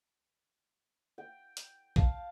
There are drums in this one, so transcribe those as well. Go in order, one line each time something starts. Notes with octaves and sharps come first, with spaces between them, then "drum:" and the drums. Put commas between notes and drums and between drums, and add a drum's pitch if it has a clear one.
G5
drum: hi-hat
F5 A5, drum: kick B1